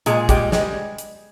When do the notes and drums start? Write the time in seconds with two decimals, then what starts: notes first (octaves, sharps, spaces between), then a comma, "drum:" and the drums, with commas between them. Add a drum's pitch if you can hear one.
0.06 A#2 G#3 G#4, drum: hi-hat
0.29 G3 G#3 G4, drum: kick, hi-hat
0.52 G3 G#3, drum: snare
0.98 drum: hi-hat